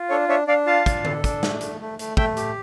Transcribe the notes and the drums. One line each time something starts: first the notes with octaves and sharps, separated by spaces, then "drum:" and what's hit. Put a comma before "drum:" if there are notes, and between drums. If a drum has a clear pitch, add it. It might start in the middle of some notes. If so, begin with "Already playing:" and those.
Already playing: F4
D4 A4 C#5
D4 C#5 E5
D4 D5 F5
F4 F5 A5
D4, drum: kick, hi-hat
A4, drum: tom D3
D4, drum: kick, hi-hat
A3, drum: snare
A3, drum: hi-hat
A3
A3, drum: hi-hat
A3 E5 G5, drum: kick
G4, drum: hi-hat